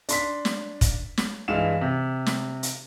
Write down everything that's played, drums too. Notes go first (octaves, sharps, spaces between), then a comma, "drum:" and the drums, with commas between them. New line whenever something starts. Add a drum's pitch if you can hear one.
D4 C6 B6, drum: hi-hat
drum: snare
drum: kick, hi-hat
drum: snare
G2 E3 G#3 F5 E7
C3
drum: snare
drum: hi-hat